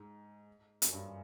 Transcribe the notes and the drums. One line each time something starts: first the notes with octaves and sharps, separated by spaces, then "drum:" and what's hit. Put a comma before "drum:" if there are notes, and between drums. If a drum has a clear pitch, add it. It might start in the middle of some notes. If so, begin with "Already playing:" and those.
Already playing: G#2
F#2, drum: hi-hat
G2